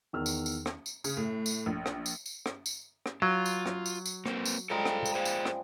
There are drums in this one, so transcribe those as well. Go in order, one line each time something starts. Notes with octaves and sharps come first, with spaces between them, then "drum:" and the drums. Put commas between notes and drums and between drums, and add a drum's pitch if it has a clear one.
E2 D#3 E6 F6
drum: tambourine
drum: tambourine
drum: rim click
drum: tambourine
C#3, drum: tambourine
A2
drum: tambourine
A#1
drum: rim click
drum: tambourine
drum: tambourine
drum: rim click
drum: tambourine
drum: rim click
F#3 F4
drum: tambourine
drum: rim click
drum: tambourine
drum: tambourine
A#3 C4, drum: rim click
drum: tambourine
F3 G3 G#3 A4 G5 A#5
drum: rim click
drum: tambourine
G#4 C5 F5
drum: tambourine
drum: rim click